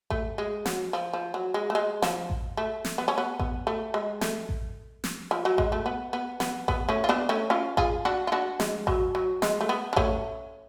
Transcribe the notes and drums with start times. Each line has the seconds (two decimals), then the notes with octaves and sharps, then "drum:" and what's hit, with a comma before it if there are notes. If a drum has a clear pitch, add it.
0.10 A3, drum: kick A1
0.38 G#3
0.66 F#3, drum: snare
0.93 F3
1.13 F3
1.34 F#3
1.54 G#3
1.70 A3
1.75 G#3
2.02 F3, drum: snare
2.30 drum: kick A1
2.57 A3
2.85 drum: snare
2.98 B3
3.08 C#4
3.18 B3
3.39 B3, drum: kick A1
3.67 A3
3.94 G#3
4.21 A3, drum: snare
4.49 drum: kick A1
5.04 drum: snare
5.31 F3
5.45 F#3
5.58 G#3, drum: kick A1
5.72 A3
5.86 B3
6.13 B3
6.40 B3, drum: snare
6.68 B3, drum: kick A1
6.89 A3 C#4
7.04 F4
7.09 B3 D4
7.29 A3 C#4
7.50 C#4 F4
7.77 F4 G#4, drum: kick A1
8.05 D4 F#4
8.27 F4
8.32 D4 F#4
8.60 G#3, drum: snare
8.87 F#3, drum: kick A1
9.15 F#3
9.42 G#3, drum: snare
9.61 A3
9.69 B3
9.93 D4
9.96 A3 C#4, drum: kick A1